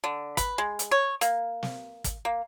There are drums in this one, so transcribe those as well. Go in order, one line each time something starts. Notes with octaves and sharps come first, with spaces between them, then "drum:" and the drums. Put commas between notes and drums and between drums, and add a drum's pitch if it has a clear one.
D3
B4, drum: kick, hi-hat
G#3
drum: hi-hat
C#5
A#3, drum: hi-hat
drum: snare
drum: kick, hi-hat
A#3